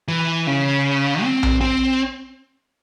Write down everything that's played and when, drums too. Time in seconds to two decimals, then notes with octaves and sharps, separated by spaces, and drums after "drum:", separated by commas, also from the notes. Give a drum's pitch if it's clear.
0.08 E3
0.47 C#3
1.23 C4
1.43 drum: tom A#1
1.61 C4